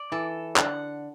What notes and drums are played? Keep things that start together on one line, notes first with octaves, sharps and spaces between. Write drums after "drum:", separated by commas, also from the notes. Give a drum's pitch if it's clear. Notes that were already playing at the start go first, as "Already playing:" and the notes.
Already playing: D5
E3 A4
D3 F#5, drum: clap